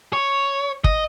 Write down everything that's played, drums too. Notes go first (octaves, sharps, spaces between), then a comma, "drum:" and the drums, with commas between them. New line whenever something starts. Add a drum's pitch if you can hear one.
C#5
D#5, drum: kick